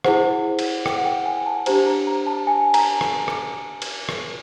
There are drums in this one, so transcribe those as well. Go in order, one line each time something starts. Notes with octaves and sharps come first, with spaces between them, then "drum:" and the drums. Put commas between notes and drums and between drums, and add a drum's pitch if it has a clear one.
E4 G#4 C5 F#5, drum: rim click
drum: cymbal
G5, drum: rim click
F#5
G5
G#5
A5
D4 G4 C5 A#5, drum: cymbal
A#5
A#5
A5
G#5
A#5, drum: cymbal
drum: rim click
drum: rim click
drum: cymbal
drum: rim click